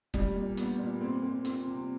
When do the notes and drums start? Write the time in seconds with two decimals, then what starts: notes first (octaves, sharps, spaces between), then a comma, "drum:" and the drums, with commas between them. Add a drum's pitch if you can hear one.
0.14 G3, drum: kick
0.35 A#2
0.57 B3, drum: hi-hat
0.79 A#2
1.01 C4
1.23 C4
1.45 C4, drum: hi-hat
1.66 C3